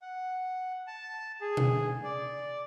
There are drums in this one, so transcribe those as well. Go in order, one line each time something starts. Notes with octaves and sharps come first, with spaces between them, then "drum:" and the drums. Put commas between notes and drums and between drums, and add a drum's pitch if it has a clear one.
F#5
A5
G#4
drum: tom B2
D5